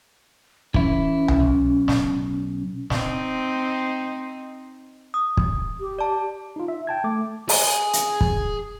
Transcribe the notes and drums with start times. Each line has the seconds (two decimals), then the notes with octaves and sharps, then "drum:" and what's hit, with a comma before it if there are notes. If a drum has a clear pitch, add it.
0.74 E3 C#4 E4, drum: kick
1.28 drum: tom C2
1.40 B1
1.88 drum: snare
2.90 C4 D#4, drum: snare
5.14 D#6
5.37 drum: kick
5.80 G4
5.99 D5 A5
6.56 D#4 F4
6.68 E5
6.87 G5 A5 G#6
7.04 A3 D6
7.49 G#4 G#5, drum: open hi-hat
7.93 drum: hi-hat
8.21 drum: kick